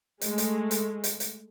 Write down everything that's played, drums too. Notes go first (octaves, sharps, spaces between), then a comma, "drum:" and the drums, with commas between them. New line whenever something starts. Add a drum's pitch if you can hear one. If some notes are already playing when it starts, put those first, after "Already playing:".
G#3 A3, drum: hi-hat
drum: hi-hat
drum: hi-hat
drum: hi-hat
drum: hi-hat